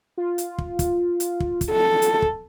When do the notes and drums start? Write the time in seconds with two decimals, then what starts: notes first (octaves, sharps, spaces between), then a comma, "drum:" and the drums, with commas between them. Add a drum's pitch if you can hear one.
0.17 F4
0.38 drum: hi-hat
0.58 drum: kick
0.79 drum: kick, hi-hat
1.20 drum: hi-hat
1.40 drum: kick
1.61 drum: kick, hi-hat
1.71 A4
2.02 drum: hi-hat
2.22 drum: kick